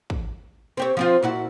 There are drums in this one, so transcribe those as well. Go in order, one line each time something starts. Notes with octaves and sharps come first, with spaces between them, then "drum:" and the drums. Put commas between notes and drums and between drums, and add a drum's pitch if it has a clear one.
drum: kick
C4 G4 C#5
F3 C4 F4
A#2 E4 F#4